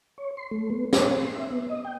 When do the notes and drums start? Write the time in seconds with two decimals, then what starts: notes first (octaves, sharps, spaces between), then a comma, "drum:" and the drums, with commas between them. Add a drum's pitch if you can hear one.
0.18 C#5
0.37 C6
0.51 A3
0.70 B3
0.93 B4, drum: snare
1.18 C6
1.35 E5
1.50 B3
1.70 D#5
1.85 G5